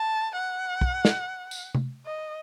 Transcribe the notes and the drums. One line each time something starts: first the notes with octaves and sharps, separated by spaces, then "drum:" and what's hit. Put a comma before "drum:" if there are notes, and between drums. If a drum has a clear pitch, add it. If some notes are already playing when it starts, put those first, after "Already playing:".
Already playing: A5
F#5
drum: kick
drum: snare
drum: tambourine
drum: tom C3
D#5